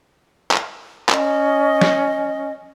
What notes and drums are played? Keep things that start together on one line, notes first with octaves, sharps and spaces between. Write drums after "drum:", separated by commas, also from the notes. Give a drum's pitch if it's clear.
drum: clap
C#4 D#5, drum: clap
drum: snare